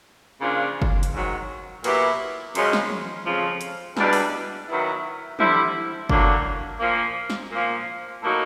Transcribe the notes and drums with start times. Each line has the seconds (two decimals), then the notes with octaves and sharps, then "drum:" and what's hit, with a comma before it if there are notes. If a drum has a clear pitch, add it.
0.41 C#3 F3 A#3 D4 F4
0.82 drum: kick F#1
1.03 drum: hi-hat
1.12 G#2 D#3 F#3
1.84 A#2 F#3 B3 E4 G4, drum: cymbal
2.55 F#2 C#3 F3 G#3 C#4, drum: cymbal
2.73 drum: snare
2.90 drum: tom
3.25 F2 C#3 F3
3.61 drum: hi-hat
3.97 E2 B2 G3 B3 D4, drum: snare
4.13 drum: open hi-hat
4.68 D#3 F#3 B3 E4
5.39 D3 G3 C4 E4, drum: tom
6.09 A2 F#3 A#3 D4, drum: kick F#1
6.80 A#2 F3 A#3
7.30 drum: snare
7.52 A#2 F3 A#3
8.23 A2 F#3 A#3 D#4 F#4